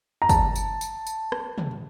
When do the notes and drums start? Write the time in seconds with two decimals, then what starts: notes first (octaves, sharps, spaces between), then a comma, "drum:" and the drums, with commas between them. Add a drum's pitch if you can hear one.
0.22 A#5
0.29 A5, drum: kick, tambourine
0.56 drum: tambourine
0.81 drum: tambourine
1.07 drum: tambourine
1.32 drum: rim click
1.58 drum: tom